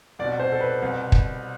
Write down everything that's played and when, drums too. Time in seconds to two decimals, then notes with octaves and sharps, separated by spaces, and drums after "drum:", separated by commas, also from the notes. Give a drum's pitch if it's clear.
0.19 C2 D5
0.24 B2
0.40 C5
0.52 A4
0.61 B4
0.81 C2 B2
1.12 drum: kick